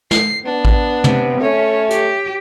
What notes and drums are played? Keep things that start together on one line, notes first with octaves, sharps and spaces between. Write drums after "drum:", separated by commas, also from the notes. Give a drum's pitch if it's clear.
C7, drum: snare
B3 D4
drum: kick A1
C3, drum: tom
A3 C#4 C#5
G4, drum: hi-hat